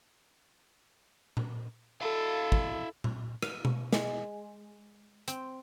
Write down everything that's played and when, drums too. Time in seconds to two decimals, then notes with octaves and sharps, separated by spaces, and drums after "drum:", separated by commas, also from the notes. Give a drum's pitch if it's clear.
1.37 drum: tom A#2
2.02 E4 A4 F5
2.52 drum: kick
3.04 drum: tom A#2
3.43 F5, drum: rim click
3.65 drum: tom B2
3.93 G#3, drum: snare
5.28 C4, drum: hi-hat